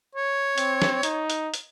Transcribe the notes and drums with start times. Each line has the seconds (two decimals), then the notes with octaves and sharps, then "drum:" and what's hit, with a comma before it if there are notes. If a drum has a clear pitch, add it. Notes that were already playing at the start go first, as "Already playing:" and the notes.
0.15 C#5
0.58 C4, drum: hi-hat
0.82 drum: snare
1.03 D#4, drum: hi-hat
1.30 drum: hi-hat
1.54 drum: hi-hat